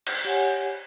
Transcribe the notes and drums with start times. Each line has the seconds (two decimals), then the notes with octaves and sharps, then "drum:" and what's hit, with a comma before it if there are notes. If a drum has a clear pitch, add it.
0.06 drum: cymbal
0.25 G4 C#5 F#5 G#5